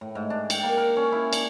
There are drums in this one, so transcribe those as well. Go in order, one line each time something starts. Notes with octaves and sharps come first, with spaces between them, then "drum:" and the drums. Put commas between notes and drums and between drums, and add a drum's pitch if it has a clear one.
A2
G#2
D4
G5, drum: cymbal
A#3
A#4
C#4
E4
D4, drum: cymbal